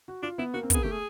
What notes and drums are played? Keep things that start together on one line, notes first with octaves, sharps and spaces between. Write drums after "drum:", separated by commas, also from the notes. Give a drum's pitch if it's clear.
F#4
D4 F4
B3 E4
A#3 F#4
C4
B3, drum: kick, hi-hat
A#3 G#4
A3 G4
G#4